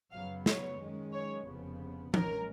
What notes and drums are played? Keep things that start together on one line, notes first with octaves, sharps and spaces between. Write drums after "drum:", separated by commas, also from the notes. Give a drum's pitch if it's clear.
F#2 C#3 F#3 B3 F5
C#5, drum: snare
F#2 D#3 G#3 C#4
C#5
F1 F2 C#3 F3 B3
B1 A#2 G#3 C#4 A#4, drum: tom F3